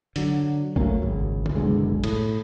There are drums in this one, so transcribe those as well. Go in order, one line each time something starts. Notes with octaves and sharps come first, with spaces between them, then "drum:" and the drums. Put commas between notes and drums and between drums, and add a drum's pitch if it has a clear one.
D3 F#3, drum: hi-hat
F#3 A3 A#3 C#4, drum: kick
G#1 C#2
drum: tom
F#1 B1 D3 G#3
A2, drum: cymbal